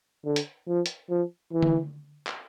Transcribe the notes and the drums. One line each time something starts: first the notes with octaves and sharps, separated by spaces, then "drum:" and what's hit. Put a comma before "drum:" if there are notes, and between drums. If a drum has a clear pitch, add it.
D3
drum: hi-hat
F3
drum: hi-hat
F3
E3
drum: tom D3
drum: clap